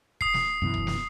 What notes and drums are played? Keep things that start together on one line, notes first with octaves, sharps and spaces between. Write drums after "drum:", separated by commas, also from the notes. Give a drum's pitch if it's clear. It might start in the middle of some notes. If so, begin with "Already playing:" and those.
D#6 C7, drum: kick
drum: snare
F#2 B2 E3
drum: kick
drum: snare